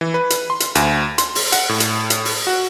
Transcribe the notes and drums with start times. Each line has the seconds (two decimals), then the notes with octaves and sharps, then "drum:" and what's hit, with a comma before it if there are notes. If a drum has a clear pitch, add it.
0.01 E3
0.14 B4
0.30 drum: hi-hat
0.50 C6
0.60 drum: hi-hat
0.75 D2, drum: hi-hat
1.18 C6, drum: hi-hat
1.35 drum: open hi-hat
1.52 F#5, drum: hi-hat
1.69 A2
1.80 drum: hi-hat
2.10 drum: hi-hat
2.25 drum: open hi-hat
2.47 F#4